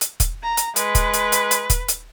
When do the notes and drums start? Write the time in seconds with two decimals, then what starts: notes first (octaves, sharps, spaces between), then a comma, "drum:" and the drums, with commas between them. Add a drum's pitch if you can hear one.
0.01 drum: hi-hat
0.20 drum: kick, hi-hat
0.43 A#5
0.57 drum: hi-hat
0.76 G#3 B4, drum: hi-hat
0.95 drum: kick, hi-hat
1.14 drum: hi-hat
1.32 drum: hi-hat
1.51 drum: hi-hat
1.70 drum: kick, hi-hat
1.88 drum: hi-hat